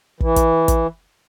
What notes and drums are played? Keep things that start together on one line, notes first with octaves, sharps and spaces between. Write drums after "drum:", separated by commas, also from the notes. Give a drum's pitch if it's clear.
E3, drum: kick
drum: kick, hi-hat
drum: kick, hi-hat